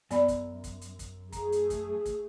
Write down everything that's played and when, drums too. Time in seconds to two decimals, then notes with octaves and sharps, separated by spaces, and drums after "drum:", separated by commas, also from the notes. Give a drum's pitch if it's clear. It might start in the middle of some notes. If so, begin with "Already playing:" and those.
0.11 F#2 B3 D5 B5, drum: hi-hat
0.28 drum: kick, hi-hat
0.64 drum: kick, hi-hat
0.81 drum: hi-hat
0.99 drum: kick, hi-hat
1.32 A3 G#4 A#5, drum: kick, hi-hat
1.52 drum: hi-hat
1.70 drum: kick, hi-hat
2.05 drum: kick, hi-hat